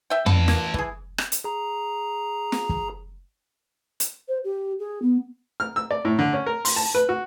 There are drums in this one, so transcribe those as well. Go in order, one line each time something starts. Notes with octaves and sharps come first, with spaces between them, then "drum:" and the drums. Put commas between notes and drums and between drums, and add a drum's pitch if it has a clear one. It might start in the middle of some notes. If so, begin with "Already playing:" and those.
E5 G5
E3 A4 B5, drum: tom
A#3, drum: snare
E3 G#4, drum: kick
drum: rim click
drum: hi-hat
G#4 A#5
drum: snare
drum: kick
drum: hi-hat
C5
G4
G#4
B3
F6
E6
D5
A2
D3
C#4
A#4
C6, drum: open hi-hat
A5
B4
F#4